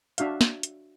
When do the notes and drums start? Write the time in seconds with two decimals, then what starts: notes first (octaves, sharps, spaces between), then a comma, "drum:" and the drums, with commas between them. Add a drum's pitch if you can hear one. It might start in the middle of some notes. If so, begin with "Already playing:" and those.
0.18 D4 F#4 E5 F5, drum: hi-hat
0.41 drum: snare
0.63 drum: hi-hat